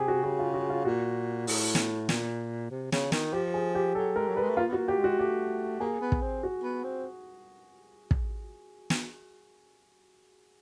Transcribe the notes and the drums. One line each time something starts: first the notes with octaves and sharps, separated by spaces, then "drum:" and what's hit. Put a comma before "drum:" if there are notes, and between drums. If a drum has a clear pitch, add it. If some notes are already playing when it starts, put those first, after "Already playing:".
Already playing: C3 G4 G#4
F#4
C#3 F#4
F4
F#4
F4
A#2 F#4
A2, drum: open hi-hat
drum: snare
A#2, drum: snare
C3
C#3, drum: snare
D#3, drum: snare
F3 G4
G#4
G4
F#3 A4
G#3 A#4
F#3
G3 B4
G#3
A3
A#3 F4
B3
F#4
A#3
G4
G#3
F#4
A3 G4
A#3 G#4
B3
drum: kick
C4
F#4
B3
C4
drum: kick
drum: snare